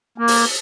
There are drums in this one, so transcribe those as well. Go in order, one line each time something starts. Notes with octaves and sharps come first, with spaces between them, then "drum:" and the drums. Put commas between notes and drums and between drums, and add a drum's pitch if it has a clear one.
A#3
drum: open hi-hat